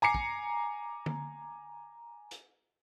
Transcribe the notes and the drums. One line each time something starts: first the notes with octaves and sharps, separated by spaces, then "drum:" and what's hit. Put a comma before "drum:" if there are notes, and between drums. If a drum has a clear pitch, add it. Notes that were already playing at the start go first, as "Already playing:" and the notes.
G#5 A#5 D6 C7 C#7
drum: kick
drum: tom D3
drum: hi-hat